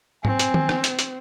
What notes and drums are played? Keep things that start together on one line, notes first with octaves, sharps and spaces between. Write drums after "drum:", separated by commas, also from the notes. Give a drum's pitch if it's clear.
C4 G#5, drum: tom G#2
drum: hi-hat
drum: tom D#3
drum: rim click
drum: hi-hat
drum: hi-hat